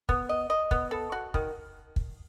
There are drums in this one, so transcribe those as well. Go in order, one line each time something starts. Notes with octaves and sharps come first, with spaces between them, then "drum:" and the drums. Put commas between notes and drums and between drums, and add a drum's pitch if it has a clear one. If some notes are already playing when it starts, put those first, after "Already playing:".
B3, drum: kick
D#5
D#5
B3, drum: kick
A4
F#4
D#3, drum: kick
drum: kick